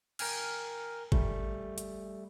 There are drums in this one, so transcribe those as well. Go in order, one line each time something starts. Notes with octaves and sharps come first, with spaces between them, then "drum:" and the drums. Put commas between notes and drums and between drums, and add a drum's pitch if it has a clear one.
A#4 G5 G#5 F6, drum: cymbal
G3 A3, drum: kick G1
drum: hi-hat